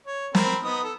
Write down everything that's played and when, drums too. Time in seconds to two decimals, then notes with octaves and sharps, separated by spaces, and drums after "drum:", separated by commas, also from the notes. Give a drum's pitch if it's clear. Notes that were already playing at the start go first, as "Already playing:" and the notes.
0.06 C#5
0.35 C4 A#4 B5, drum: snare
0.63 B3 D#4 D#6
0.83 A4